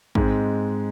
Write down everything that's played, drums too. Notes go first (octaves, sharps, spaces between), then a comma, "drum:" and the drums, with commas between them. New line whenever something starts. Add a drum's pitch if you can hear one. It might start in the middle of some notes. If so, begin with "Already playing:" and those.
G#2 G#3 C4, drum: kick